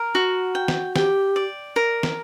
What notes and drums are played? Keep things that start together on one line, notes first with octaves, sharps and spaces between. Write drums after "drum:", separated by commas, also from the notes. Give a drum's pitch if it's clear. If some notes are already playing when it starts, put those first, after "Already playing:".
Already playing: A#4
F#4
G5
drum: snare
G4 G5, drum: snare
D5
A#4
drum: snare